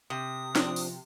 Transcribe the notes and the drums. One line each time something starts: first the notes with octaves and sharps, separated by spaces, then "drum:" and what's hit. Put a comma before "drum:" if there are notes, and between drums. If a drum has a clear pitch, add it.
C3 D#6
F3 C4 D4, drum: snare
drum: open hi-hat